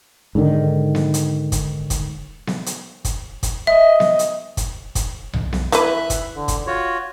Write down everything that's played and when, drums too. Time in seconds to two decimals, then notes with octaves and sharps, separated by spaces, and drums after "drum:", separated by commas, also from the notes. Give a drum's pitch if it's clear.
0.35 G#2 D3 D#3
0.95 drum: snare B3
1.14 drum: hi-hat
1.52 drum: kick, hi-hat
1.90 drum: kick, hi-hat
2.47 drum: snare B3
2.66 drum: hi-hat
3.05 drum: kick, hi-hat
3.43 drum: kick, hi-hat
3.67 D#5 E5
4.00 drum: snare B3
4.19 drum: hi-hat
4.57 drum: kick, hi-hat
4.95 drum: kick, hi-hat
5.33 drum: tom B1
5.53 drum: snare B3
5.72 E3 B4 E5 B5 F#6, drum: hi-hat
6.10 drum: kick, hi-hat
6.34 D3
6.48 drum: kick, hi-hat
6.67 F4 F#4 C#5